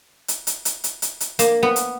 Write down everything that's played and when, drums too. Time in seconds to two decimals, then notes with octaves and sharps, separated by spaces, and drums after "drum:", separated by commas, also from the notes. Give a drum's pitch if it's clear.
0.28 drum: hi-hat
0.47 drum: hi-hat
0.65 drum: hi-hat
0.84 drum: hi-hat
1.02 drum: hi-hat
1.20 drum: hi-hat
1.39 A#3, drum: hi-hat
1.63 B3
1.76 drum: hi-hat